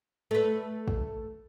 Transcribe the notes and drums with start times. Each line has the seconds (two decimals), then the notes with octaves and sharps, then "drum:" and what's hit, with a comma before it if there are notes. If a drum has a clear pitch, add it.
0.31 A3 A4 B4
0.88 drum: kick